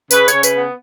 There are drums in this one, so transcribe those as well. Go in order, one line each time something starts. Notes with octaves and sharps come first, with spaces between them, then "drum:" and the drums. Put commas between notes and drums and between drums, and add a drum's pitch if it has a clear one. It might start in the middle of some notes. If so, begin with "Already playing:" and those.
C#3 B4, drum: tambourine
C#5, drum: tambourine
C#3
B4, drum: tambourine
B3